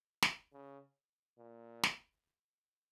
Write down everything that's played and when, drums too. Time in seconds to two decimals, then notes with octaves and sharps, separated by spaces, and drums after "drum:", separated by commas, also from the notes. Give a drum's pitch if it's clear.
0.22 drum: snare
0.53 C#3
1.38 A#2
1.83 drum: snare